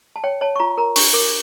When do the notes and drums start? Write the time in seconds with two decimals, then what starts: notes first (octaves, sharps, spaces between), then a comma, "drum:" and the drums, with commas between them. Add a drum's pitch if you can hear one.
0.16 A5
0.24 C#5 G5
0.41 C#5 A5
0.56 C#6
0.59 F4 A#5
0.78 A#4 A#5
0.96 D4 C#6, drum: open hi-hat
1.14 A#4 D6